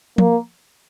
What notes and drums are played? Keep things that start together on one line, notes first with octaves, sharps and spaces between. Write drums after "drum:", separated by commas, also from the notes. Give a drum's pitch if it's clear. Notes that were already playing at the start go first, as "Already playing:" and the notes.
A#3, drum: tom F3